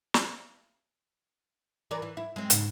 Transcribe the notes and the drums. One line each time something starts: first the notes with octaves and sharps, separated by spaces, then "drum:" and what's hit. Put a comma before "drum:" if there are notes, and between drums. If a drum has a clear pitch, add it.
drum: snare
E3 A#4 D5
E3
E4
G#3 C4
G#2 C#3, drum: hi-hat